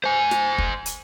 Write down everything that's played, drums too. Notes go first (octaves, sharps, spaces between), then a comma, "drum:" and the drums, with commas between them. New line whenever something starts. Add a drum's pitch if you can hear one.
C5 G#5
drum: snare
drum: kick
drum: hi-hat